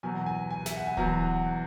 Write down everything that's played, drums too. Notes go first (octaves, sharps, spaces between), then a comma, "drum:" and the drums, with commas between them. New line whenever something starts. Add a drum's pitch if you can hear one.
E2 B2 F#3 G#5
G#5
G#5
E5, drum: snare
F#5
G#5
E2 B2 F#3 A#5, drum: kick D1